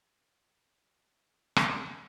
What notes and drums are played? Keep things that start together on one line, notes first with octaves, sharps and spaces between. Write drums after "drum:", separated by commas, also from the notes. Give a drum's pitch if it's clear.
D#2 C#3 G#3 F4 A4
drum: rim click